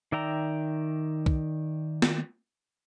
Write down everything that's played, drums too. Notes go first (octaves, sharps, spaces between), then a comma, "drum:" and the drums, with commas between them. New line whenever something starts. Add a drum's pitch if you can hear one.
D#3 D5 E5 G5 A#5
drum: kick
drum: snare